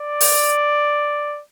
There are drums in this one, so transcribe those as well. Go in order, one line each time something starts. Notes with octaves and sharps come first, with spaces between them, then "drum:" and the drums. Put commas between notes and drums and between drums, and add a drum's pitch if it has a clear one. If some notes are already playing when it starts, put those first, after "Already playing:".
Already playing: D5
drum: open hi-hat